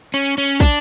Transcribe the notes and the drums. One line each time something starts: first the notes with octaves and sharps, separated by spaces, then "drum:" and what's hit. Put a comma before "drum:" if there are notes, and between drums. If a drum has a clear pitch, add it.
C#4
C#4
D4, drum: kick